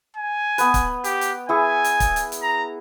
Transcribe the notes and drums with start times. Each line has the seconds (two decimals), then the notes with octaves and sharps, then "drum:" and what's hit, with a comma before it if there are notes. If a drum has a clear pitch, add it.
0.16 G#5
0.58 B3 B4, drum: hi-hat
0.74 drum: kick, hi-hat
1.04 G4, drum: hi-hat
1.21 drum: hi-hat
1.49 E4 G#4 G#5 C#6
1.84 drum: hi-hat
2.00 drum: kick, hi-hat
2.16 drum: hi-hat
2.32 drum: hi-hat
2.43 A#5